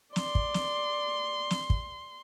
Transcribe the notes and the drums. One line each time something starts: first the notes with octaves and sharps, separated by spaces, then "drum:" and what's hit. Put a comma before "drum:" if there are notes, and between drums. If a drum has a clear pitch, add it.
D5 C6, drum: snare
drum: kick
drum: snare
drum: snare
drum: kick